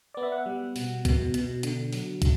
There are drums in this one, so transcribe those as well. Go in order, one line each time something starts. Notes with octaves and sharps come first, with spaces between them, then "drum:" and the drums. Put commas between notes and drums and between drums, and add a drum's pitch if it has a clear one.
B3 D5
E5
F#5
G3
B2, drum: open hi-hat
B2, drum: kick, hi-hat
B2, drum: hi-hat
D3, drum: hi-hat
F#3, drum: open hi-hat
D3, drum: kick, hi-hat